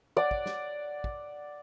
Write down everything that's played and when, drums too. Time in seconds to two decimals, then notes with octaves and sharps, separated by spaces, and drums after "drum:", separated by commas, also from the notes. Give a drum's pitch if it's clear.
0.17 D5 F#5
0.31 drum: kick
0.46 drum: snare
1.04 drum: kick